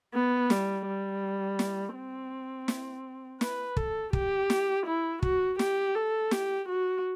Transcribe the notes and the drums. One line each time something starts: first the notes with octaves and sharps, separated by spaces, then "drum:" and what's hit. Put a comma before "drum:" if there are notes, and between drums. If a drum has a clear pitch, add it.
B3
G3, drum: snare
G3
drum: snare
C4
drum: snare
B4, drum: snare
A4, drum: kick
G4, drum: kick
drum: snare
E4
F#4, drum: kick
G4, drum: snare
A4
G4, drum: snare
F#4